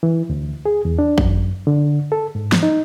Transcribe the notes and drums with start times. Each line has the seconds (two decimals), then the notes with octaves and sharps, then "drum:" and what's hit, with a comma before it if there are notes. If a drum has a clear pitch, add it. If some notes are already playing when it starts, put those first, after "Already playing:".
0.03 E3
0.30 D2
0.66 G#4
0.85 E2
0.99 D4
1.18 F#2, drum: kick G#1
1.67 D3
2.12 A4
2.35 G#2
2.52 drum: snare
2.63 D#4